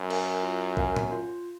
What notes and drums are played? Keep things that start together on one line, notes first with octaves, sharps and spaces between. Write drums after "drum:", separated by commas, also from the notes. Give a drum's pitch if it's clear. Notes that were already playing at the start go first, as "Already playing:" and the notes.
Already playing: F#2
A#4 F5 G#5, drum: cymbal
F4
A#4 F5 G#5, drum: kick
drum: tom
F4